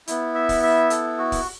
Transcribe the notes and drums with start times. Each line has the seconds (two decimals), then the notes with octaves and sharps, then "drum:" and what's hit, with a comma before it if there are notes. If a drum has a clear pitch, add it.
0.07 B3 E4, drum: hi-hat
0.35 E5
0.49 drum: kick, open hi-hat
0.63 E5
0.90 A4, drum: hi-hat
1.18 F#4
1.32 drum: kick, open hi-hat